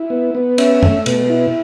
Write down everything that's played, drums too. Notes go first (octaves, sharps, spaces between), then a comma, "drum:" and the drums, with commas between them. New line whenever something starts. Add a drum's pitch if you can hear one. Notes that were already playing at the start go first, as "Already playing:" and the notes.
Already playing: E4
B3
B3
C#4 E5, drum: cymbal
A3, drum: tom F#2
B2, drum: cymbal
E4